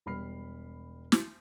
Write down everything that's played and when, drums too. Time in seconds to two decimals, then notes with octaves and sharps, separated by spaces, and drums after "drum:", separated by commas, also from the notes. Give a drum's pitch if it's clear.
0.06 E1 G3 B5 F6 C7
1.12 drum: snare